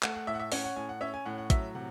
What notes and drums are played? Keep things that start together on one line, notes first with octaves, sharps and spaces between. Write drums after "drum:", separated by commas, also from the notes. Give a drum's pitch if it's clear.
A3 F#5, drum: clap
F#5
A2 E5
F#5
E5
C#4 F#5, drum: open hi-hat
F#5
A2 G#5
F#5
C#4 E5
G#5
A2 F#5
F#5
F#3 E5, drum: kick, hi-hat
C3 F#5